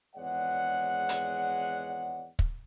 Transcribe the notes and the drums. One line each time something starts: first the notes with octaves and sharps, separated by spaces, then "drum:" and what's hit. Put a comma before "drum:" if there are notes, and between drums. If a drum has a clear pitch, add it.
G#1 E2 G#3 C#5 D5 F#5
drum: hi-hat
drum: kick